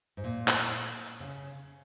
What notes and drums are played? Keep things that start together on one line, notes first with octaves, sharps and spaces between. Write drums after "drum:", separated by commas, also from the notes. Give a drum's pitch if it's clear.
G#2
A#2
drum: clap
C#3